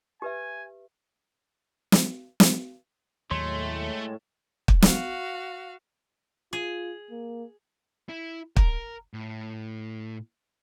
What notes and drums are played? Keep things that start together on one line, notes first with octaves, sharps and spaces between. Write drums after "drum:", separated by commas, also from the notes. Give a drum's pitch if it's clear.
G4 B4 E5 G#5
drum: snare
drum: snare
D#2 A2 F#3 G#3 A3 C#5 C6
drum: kick
F#4 F5, drum: snare
F4 G#4
A#3
E4
A#4, drum: kick
A2